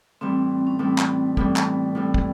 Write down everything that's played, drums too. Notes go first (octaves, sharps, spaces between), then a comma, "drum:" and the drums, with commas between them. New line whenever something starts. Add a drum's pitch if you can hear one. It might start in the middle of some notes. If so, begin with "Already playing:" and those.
A2 E3 G3 C4
C#4
A2 E3 G3 C4
drum: clap
A2 E3 G3, drum: kick
drum: clap
A2 E3 G3
drum: kick